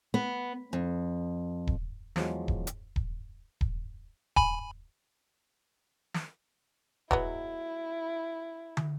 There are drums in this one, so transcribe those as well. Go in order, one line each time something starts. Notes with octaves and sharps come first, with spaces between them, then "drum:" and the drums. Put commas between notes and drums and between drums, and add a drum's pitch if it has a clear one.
B3
F2
drum: kick D#1
E2 F3 F#3 G#3, drum: snare
drum: kick D#1
drum: hi-hat
drum: kick D#1
drum: kick D#1
G#5 B5, drum: kick D#1
drum: snare
F#3 G#3 B3 E4, drum: kick D#1
drum: tom